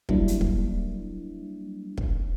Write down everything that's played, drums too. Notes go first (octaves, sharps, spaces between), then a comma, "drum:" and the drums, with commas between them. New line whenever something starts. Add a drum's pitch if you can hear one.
F#3 G3 A#3 D4 E4, drum: kick
drum: hi-hat
drum: kick
drum: kick